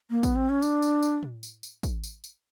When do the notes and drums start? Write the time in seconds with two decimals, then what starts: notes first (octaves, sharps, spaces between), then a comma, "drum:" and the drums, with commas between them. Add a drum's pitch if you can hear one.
0.10 A#3
0.23 B3, drum: kick, tambourine
0.36 C4
0.49 C#4
0.62 D4, drum: tambourine
0.82 drum: tambourine
1.03 drum: tambourine
1.23 drum: tom
1.43 drum: tambourine
1.63 drum: tambourine
1.83 drum: kick, tambourine
2.04 drum: tambourine
2.24 drum: tambourine